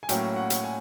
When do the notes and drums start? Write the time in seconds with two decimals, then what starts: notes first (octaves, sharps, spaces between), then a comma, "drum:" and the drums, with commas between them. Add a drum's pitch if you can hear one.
0.03 G#5
0.09 A2 F#3 A#3 C#4 G5, drum: hi-hat
0.36 F#5
0.50 drum: hi-hat
0.64 G#5